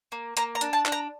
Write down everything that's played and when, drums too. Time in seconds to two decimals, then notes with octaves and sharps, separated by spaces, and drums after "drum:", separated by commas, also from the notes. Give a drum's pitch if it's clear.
0.12 A#3
0.37 A#3 A#5, drum: hi-hat
0.55 A#5
0.61 D4, drum: hi-hat
0.73 A5
0.86 D4, drum: clap
0.92 A#5